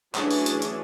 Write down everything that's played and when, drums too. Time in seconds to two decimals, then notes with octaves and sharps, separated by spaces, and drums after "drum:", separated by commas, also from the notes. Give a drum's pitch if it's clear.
0.15 E3 F#3 A3 C#4 D4 G#4, drum: clap
0.31 drum: open hi-hat
0.46 drum: hi-hat
0.62 drum: hi-hat